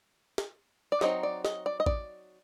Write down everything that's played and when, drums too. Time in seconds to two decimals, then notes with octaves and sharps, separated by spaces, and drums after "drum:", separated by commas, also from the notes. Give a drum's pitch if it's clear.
0.38 drum: snare
0.92 D5
1.01 F#3 C4 D#4 D#5, drum: snare
1.23 D5
1.45 D#5, drum: snare
1.66 D5
1.80 D#5
1.86 D5, drum: kick A1